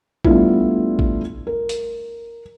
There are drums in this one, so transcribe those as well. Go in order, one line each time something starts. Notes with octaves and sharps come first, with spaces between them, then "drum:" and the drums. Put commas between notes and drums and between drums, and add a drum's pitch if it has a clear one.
G3 A3 B3 D4 E4 F4, drum: kick A1
drum: kick A1
A#4
drum: hi-hat